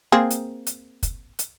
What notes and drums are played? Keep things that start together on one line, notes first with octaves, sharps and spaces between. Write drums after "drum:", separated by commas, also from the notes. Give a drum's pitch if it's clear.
A#3 C4 G#4
drum: hi-hat
drum: hi-hat
drum: kick, hi-hat
drum: hi-hat